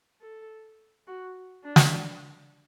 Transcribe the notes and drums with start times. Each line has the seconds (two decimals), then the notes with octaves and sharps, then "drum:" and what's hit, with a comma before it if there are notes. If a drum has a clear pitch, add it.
0.21 A4
1.07 F#4
1.64 D4
1.76 drum: snare